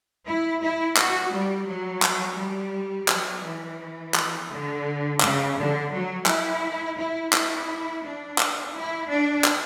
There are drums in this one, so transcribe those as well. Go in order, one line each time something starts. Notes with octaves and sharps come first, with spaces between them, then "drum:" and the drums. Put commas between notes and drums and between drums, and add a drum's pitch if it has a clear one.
E4
E4
F#4, drum: clap
G3
F#3
drum: clap
G3
F#3, drum: clap
E3
drum: clap
D3
C#3, drum: clap
D3
F#3
E4, drum: clap
E4
E4, drum: clap
D4
drum: clap
E4
D4
drum: clap